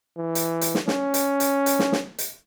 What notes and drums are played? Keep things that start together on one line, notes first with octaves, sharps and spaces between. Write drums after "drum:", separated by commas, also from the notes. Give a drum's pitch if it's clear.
E3
drum: hi-hat
drum: hi-hat
drum: snare
C#4, drum: snare
drum: hi-hat
drum: hi-hat
drum: hi-hat
drum: snare
drum: snare
drum: hi-hat